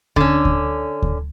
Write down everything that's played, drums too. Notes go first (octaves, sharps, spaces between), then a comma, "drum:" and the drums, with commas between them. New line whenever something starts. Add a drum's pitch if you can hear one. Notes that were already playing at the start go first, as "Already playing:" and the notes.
D3 C#4, drum: kick D2
drum: kick D2
drum: kick D2